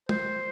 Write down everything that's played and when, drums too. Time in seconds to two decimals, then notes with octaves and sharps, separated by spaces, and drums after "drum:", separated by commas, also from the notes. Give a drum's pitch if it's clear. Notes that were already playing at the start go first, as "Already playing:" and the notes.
0.09 C5, drum: tom